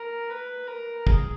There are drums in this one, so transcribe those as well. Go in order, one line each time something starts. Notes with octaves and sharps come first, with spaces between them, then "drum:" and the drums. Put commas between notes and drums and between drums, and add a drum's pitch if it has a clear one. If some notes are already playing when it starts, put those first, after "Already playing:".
Already playing: A#4
B4
A#4
G#4, drum: kick